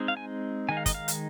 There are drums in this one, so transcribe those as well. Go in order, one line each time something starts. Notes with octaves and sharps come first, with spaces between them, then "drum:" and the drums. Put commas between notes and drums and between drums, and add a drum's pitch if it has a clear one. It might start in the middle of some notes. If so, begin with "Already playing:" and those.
Already playing: G#3 C4 D#4
F5
G#5
D#3 G#3 D#4 G#5
F5
D#5, drum: kick, hi-hat
F5
drum: hi-hat